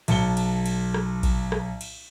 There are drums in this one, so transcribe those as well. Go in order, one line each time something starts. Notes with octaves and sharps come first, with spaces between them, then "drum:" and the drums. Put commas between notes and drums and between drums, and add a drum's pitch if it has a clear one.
B1 A5 C#7 G7, drum: cymbal
drum: cymbal
drum: cymbal
drum: rim click
drum: kick A#1, cymbal
drum: rim click
drum: cymbal